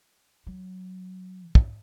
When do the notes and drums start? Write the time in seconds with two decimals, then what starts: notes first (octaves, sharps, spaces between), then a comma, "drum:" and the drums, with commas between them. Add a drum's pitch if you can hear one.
0.47 F#3
1.55 G#2, drum: kick